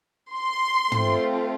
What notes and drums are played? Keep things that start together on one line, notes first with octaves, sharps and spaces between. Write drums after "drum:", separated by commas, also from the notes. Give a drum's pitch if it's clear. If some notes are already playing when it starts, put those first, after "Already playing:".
C6
A3 C4 F4, drum: tom